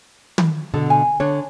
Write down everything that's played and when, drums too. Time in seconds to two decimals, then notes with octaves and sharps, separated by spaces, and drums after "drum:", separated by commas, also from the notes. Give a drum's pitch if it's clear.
0.38 drum: tom
0.74 B2 D3 A4
0.90 G#5
1.20 D3 D4 C#5